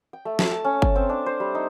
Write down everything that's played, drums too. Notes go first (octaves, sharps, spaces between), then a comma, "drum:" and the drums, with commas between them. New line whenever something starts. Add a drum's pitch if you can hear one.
G5
A3
A4, drum: snare
A5
C#4
A5, drum: kick G1
C4
D4
C5
G3
D#4